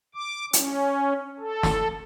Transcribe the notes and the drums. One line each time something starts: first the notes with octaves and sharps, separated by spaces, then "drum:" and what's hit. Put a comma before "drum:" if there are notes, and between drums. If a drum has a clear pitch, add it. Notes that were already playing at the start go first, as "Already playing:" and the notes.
D6
C#4, drum: hi-hat
A4
drum: snare